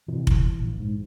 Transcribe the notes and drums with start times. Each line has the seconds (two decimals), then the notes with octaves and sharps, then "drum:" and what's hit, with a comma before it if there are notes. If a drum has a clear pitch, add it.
0.08 C3 E3
0.27 C2, drum: kick F1
0.45 A#2
0.61 A#1
0.80 G#2